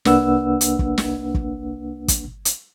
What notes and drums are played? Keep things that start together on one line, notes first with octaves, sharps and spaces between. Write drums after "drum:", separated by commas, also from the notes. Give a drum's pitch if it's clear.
C2 A#3 D4 B4 F#5 E6, drum: snare
drum: hi-hat
drum: kick
drum: snare
drum: kick
drum: kick, hi-hat
drum: hi-hat